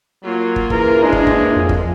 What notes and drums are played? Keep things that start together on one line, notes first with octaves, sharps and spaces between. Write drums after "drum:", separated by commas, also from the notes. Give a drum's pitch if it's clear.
F#3 A#3 F4
drum: kick
C#3 E3 A#4, drum: kick
G#3 D4
drum: kick
drum: kick
F2 C3 F3
drum: kick